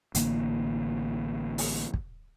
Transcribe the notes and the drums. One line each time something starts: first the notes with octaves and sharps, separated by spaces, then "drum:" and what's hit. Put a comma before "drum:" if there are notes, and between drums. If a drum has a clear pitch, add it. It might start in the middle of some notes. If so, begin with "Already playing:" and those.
A1 D3 A#3, drum: hi-hat
drum: open hi-hat
drum: kick